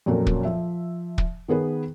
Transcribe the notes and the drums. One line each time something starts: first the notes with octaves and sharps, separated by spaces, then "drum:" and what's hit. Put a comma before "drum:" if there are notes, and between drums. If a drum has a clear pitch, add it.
F2 A#2 F#3 C#4 A#4
drum: kick
F3 E5
drum: kick
D#3 B3 G#4 B4